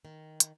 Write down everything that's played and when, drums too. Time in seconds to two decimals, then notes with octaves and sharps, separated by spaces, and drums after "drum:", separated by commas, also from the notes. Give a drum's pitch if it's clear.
0.05 D#3
0.40 drum: hi-hat